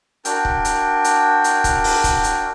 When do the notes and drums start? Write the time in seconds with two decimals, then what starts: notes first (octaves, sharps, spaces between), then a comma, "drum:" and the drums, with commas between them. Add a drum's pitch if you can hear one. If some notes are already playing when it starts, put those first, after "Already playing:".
0.25 D4 F#4 A#4 G5, drum: hi-hat
0.45 drum: kick
0.65 drum: hi-hat
1.04 drum: hi-hat
1.44 drum: hi-hat
1.64 drum: kick, hi-hat
1.84 drum: open hi-hat
2.04 drum: kick, hi-hat
2.24 drum: hi-hat